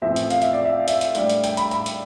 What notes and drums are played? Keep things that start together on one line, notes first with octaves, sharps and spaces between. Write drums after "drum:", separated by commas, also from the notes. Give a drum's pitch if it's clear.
A1 A2 F3 C4 E5
drum: hi-hat
F5, drum: hi-hat
E5, drum: hi-hat
D5
E5
D5
E5, drum: hi-hat
drum: hi-hat
A2 G3 D4, drum: hi-hat
drum: hi-hat
G5, drum: hi-hat
B5, drum: hi-hat
B5, drum: hi-hat
drum: hi-hat